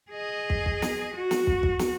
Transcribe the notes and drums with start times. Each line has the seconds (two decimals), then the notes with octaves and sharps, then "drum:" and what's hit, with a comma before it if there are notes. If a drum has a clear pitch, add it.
0.11 G#4 D#5
0.50 drum: kick
0.66 drum: kick
0.82 drum: snare
1.15 F#4
1.31 drum: snare
1.47 drum: kick
1.63 drum: kick
1.79 drum: snare